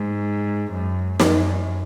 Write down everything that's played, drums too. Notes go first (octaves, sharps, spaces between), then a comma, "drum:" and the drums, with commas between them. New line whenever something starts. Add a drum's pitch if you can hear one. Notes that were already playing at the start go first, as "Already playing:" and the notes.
Already playing: G#2
F#2
F#2, drum: snare